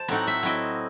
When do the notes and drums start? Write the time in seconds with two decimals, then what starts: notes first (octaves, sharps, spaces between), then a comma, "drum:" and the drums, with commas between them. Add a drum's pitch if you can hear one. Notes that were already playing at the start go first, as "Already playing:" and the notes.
Already playing: C5 A5
0.08 A2 F#3 C4 D#4 F#5, drum: rim click
0.27 E5
0.43 F#3 C4 E4 D#5, drum: hi-hat